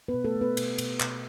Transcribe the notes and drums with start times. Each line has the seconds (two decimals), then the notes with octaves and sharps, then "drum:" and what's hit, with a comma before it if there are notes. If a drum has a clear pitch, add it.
0.08 B3 B4
0.14 B2
0.24 A3 A4
0.36 A3
0.41 B3 B4
0.57 B2, drum: cymbal
0.78 B2, drum: cymbal
1.00 B2, drum: clap